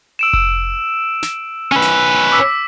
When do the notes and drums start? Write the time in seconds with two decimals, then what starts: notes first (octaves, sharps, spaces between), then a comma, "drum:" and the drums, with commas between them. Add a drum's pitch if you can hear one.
0.19 E6 D7 E7
0.33 E6, drum: kick F1
1.23 drum: snare
1.72 C#4 B4
1.82 drum: snare
2.32 D6 E6 B6